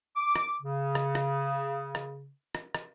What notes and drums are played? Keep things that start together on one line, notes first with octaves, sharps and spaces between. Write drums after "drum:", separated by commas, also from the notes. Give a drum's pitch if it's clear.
D6
drum: rim click
C#3
drum: rim click
drum: rim click
drum: rim click
drum: rim click
drum: rim click